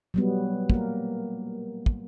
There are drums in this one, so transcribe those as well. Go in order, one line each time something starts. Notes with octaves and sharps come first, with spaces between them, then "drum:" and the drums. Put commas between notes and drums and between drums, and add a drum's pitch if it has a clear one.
F#3 G3 B3
A#3 A#4, drum: kick
drum: kick